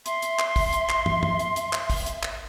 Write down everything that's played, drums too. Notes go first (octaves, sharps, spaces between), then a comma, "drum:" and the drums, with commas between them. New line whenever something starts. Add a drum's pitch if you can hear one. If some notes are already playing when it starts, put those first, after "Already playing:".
E5 C6, drum: hi-hat
drum: hi-hat
drum: clap
drum: kick, open hi-hat
drum: hi-hat
drum: clap
drum: tom
drum: tom
drum: hi-hat
drum: hi-hat
drum: clap
drum: kick, open hi-hat
drum: hi-hat
drum: clap